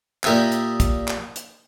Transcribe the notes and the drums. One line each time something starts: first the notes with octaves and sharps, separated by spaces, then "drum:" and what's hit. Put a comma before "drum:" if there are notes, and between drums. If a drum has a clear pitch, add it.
A#2 A#3 G4 D#5 E5 D#6, drum: clap
drum: hi-hat
drum: kick, hi-hat
drum: clap
drum: hi-hat